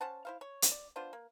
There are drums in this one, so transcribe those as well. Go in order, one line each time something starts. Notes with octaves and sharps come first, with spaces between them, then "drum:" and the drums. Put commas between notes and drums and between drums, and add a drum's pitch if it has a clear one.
C#4 C5 F#5 A5
E4 C5 F5
C#5
drum: hi-hat
D5
B3 D4 F4 C5
A#3